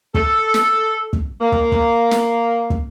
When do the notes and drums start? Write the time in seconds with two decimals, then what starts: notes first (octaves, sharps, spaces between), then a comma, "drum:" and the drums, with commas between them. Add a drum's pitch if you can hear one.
0.15 A4, drum: kick
0.54 drum: snare
1.13 drum: kick
1.41 A#3
1.52 drum: kick
1.72 drum: kick
2.11 drum: snare
2.70 drum: kick